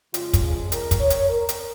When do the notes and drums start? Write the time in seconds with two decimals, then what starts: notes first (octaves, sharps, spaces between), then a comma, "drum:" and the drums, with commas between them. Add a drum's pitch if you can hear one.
0.14 F2 C#3 G#3 F4, drum: hi-hat
0.33 drum: kick, hi-hat
0.43 G#4
0.72 A#4, drum: hi-hat
0.91 drum: kick, hi-hat
1.01 C#5
1.10 drum: hi-hat
1.29 A#4
1.49 drum: hi-hat